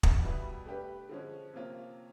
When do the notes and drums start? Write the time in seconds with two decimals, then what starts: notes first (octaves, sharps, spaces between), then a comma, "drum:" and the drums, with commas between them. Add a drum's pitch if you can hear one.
0.03 drum: kick
0.22 B2 G3 B3 E4
0.66 A3 D4 G4 B4
1.09 D3 F3 G#3 C#4
1.54 C3 F3 A#3 C#4 F4